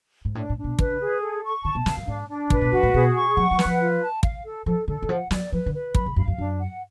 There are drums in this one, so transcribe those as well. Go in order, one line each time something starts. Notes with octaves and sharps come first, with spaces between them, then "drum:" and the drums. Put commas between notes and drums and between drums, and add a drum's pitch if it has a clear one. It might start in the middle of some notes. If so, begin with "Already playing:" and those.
G#2
A2 D4
A2
D4
B2
C#3 B4, drum: kick
G#4
A4
C#6
D3 A5
B2
C#3 F5, drum: snare
F#2
G#2 D4
D4
A2 B4, drum: kick
B2
F#2 F#4
A2
B2 G#4
C#6
F#3 F#5
F#3
B4, drum: snare
F3
F4
A5
F5, drum: kick
A4
F3 A4
D3 A4
D3
F3 F#5
F#3 D5, drum: snare
F3 B4
D3
B4
F#3 B5, drum: kick
C#3
F#2 F5
F#2
F#2 D4
F#5